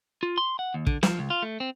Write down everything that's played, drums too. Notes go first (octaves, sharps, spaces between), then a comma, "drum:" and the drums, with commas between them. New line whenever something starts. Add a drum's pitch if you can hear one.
F4
C6
F#5
D#2
D3, drum: kick
F3, drum: snare
C#2
F4
A3
C4